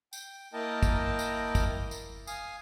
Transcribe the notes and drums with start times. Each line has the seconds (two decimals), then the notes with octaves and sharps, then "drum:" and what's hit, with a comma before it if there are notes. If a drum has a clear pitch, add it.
0.13 G5, drum: tambourine
0.53 A#3 E4 A#4 D#5 G5 A5
0.83 drum: kick, tambourine
1.19 drum: tambourine
1.55 drum: kick, tambourine
1.91 drum: tambourine
2.27 F5 G#5 D#6, drum: tambourine